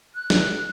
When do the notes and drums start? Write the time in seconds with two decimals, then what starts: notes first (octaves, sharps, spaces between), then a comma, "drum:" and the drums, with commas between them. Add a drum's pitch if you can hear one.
0.15 F#6
0.30 drum: snare